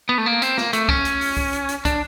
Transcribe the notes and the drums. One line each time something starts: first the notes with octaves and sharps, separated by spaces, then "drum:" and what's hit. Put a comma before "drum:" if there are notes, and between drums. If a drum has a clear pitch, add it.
B3
A3
A#3
C4, drum: hi-hat
A#3, drum: snare
A3, drum: hi-hat
C#4, drum: kick
drum: hi-hat
drum: open hi-hat
drum: kick
drum: hi-hat
drum: hi-hat
D4, drum: kick, hi-hat